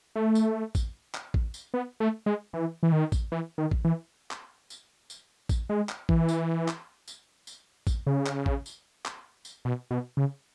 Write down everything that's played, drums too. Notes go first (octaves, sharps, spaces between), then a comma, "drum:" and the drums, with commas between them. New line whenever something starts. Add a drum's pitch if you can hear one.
A3
drum: tambourine
drum: kick A1, tambourine
drum: clap
drum: kick A1
drum: tambourine
B3
A3
G#3
E3
E3
D#3
drum: kick A1, tambourine
E3
D#3
drum: kick A1
E3
drum: clap
drum: tambourine
drum: tambourine
drum: kick A1, tambourine
G#3
drum: clap
E3, drum: kick A1
drum: tambourine
drum: clap
drum: tambourine
drum: tambourine
drum: kick A1, tambourine
C#3
drum: clap
drum: kick A1
drum: tambourine
drum: clap
drum: tambourine
B2
B2
C#3